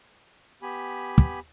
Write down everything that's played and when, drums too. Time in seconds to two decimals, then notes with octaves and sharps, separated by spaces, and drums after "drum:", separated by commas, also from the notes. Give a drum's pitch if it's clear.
0.62 B3 G4 G#5 B5
1.18 drum: kick